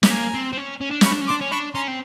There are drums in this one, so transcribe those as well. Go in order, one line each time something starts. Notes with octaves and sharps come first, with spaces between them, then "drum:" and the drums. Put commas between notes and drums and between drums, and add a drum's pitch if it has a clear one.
B3, drum: snare
A#3 G#5 A#5
C4
C4
C#4
C#4
D4
C#4 B5 C#6, drum: snare
D4
C#4
C6 D6
D4
C#4
D4 B5 C#6
C#4 A#5 C6
C4